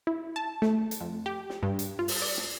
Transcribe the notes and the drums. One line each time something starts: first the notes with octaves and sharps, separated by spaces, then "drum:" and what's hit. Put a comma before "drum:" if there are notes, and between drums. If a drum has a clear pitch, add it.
E4
A5
A3, drum: snare
drum: hi-hat
F2
G4
drum: snare
G2
drum: hi-hat
F4
drum: open hi-hat
D5
drum: snare